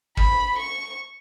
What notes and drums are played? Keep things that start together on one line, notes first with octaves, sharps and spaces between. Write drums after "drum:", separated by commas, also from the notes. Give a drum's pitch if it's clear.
B5, drum: kick
C#6